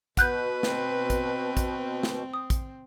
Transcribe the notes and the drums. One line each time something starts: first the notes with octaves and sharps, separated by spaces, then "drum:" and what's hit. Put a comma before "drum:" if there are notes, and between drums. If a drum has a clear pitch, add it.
B2 B4 F#5 F#6 G6, drum: kick, hi-hat
C4, drum: snare
drum: kick, hi-hat
drum: kick, hi-hat
drum: snare
D#6
drum: kick, hi-hat